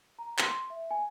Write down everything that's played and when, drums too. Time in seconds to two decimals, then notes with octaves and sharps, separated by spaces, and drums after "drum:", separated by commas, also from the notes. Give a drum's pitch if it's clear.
0.19 A#5
0.39 C6, drum: clap
0.70 E5
0.91 G#5